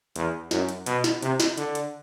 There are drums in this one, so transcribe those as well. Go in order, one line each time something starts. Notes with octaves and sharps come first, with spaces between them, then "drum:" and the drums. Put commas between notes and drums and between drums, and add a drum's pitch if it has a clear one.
E2, drum: hi-hat
F#2, drum: snare
drum: hi-hat
B2, drum: hi-hat
drum: snare
C3, drum: hi-hat
drum: snare
D3, drum: hi-hat
drum: hi-hat